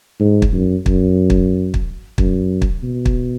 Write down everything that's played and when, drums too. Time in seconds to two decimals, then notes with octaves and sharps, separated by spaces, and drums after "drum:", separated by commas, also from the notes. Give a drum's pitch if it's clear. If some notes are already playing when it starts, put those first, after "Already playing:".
0.20 G#2
0.42 drum: kick
0.53 F#2
0.86 F#2, drum: kick
1.30 drum: kick
1.74 drum: kick
2.18 F#2, drum: kick
2.62 drum: kick
2.84 B2
3.06 drum: kick